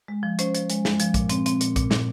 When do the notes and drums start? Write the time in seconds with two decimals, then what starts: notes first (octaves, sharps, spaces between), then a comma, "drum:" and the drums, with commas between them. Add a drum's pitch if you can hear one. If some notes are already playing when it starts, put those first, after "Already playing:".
0.08 G#3
0.23 F3
0.39 C#4 C5, drum: hi-hat
0.55 F3, drum: hi-hat
0.70 G#3, drum: hi-hat
0.85 G#3, drum: snare
1.00 F3, drum: hi-hat
1.14 A#2, drum: kick A#1, hi-hat
1.29 C4, drum: hi-hat
1.46 C4, drum: hi-hat
1.61 A#2, drum: hi-hat
1.76 A#2, drum: kick A#1, hi-hat
1.91 A#2, drum: snare